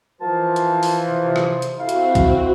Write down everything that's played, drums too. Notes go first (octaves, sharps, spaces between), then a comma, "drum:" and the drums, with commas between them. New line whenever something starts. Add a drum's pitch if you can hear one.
E3 F3 F4 A#4 C5 F5 A5
drum: hi-hat
drum: open hi-hat
C3
drum: rim click
drum: hi-hat
C4 E4 F#4 G4 A4 F5
drum: hi-hat
drum: kick B1, hi-hat